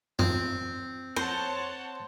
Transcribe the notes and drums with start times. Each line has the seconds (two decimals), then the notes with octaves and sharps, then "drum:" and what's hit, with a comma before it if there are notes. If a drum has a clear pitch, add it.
0.19 C4 F4, drum: tom F#2
1.16 F2 C5 C#5 F#5 A5 A#6